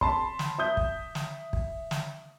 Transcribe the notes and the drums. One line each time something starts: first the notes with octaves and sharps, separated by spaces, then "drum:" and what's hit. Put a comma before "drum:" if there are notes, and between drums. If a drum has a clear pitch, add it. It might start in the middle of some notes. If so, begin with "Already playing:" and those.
A5 B5 C6, drum: kick
drum: snare
E5 D#6 G6
drum: kick
drum: snare
drum: kick
drum: snare